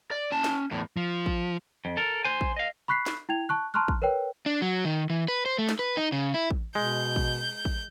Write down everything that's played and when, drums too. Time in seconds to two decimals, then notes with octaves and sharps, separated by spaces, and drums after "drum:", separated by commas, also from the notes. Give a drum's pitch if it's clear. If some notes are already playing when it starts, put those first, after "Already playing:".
0.11 D5
0.32 C#4 A5
0.44 drum: snare
0.71 E2 A2
0.97 F3
1.26 drum: kick
1.85 F2
1.97 A4 A#4
2.25 C5 G#5
2.41 drum: kick
2.57 D#5 F5
2.88 B5 C#6 F#6 B6 C7
3.06 drum: snare
3.29 E4 G5 G#6 F7
3.49 A5 C#6 F#6
3.74 A5 A#5 C6 C#6 F6 F#6
3.88 drum: kick
4.02 A#4 B4 C#5 G5
4.46 D4
4.62 F#3
4.85 D#3
5.10 E3
5.28 B4
5.46 C5
5.58 A3
5.69 drum: snare
5.79 B4
5.97 D#4
6.12 C#3
6.34 E4
6.51 drum: kick
6.75 B2 G#3 G6
7.16 drum: kick
7.65 drum: kick